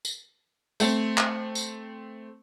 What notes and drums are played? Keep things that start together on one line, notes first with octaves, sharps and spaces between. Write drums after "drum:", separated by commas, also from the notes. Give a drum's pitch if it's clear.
drum: tambourine
A3 C4, drum: tambourine
drum: clap
drum: tambourine